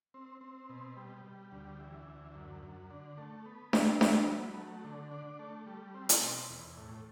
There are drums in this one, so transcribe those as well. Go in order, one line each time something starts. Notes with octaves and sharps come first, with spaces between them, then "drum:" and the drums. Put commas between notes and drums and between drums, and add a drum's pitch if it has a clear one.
C4
C4
B2
G3
G3
D2
E3
D2
F#2
F#2
D3
A3
B3
E4, drum: snare D4
B3, drum: snare D4
F#3
A3
D3
D4
A3
G3
C4
drum: hi-hat
B2
E2
A2